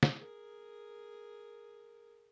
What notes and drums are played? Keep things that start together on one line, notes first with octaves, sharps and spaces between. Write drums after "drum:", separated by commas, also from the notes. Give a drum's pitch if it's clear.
drum: snare
G#4 A#4